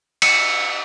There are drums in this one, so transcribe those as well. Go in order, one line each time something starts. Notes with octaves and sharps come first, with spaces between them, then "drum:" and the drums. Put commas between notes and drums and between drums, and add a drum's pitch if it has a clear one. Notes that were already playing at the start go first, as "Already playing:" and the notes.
C#7, drum: cymbal